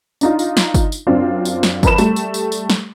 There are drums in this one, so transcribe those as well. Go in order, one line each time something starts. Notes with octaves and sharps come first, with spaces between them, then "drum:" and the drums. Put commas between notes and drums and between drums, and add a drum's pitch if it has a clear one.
D4 D#4 F4, drum: tambourine
drum: tambourine
drum: snare
drum: kick G1, tambourine
drum: tambourine
F#2 C4 D4 F4
drum: tambourine
drum: snare
F2 A#4 B4 B5 E7, drum: kick G1, tambourine
G3 A3, drum: tambourine
drum: tambourine
drum: tambourine
drum: tambourine
drum: snare